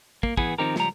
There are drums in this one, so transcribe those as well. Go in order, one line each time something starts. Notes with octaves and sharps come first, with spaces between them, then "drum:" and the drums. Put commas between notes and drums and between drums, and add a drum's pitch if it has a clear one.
A#3, drum: kick
E3 B3 G#4, drum: kick
D#3 F3 C4 D#4 G4 A#4
C#2 F3 G3 A#5, drum: snare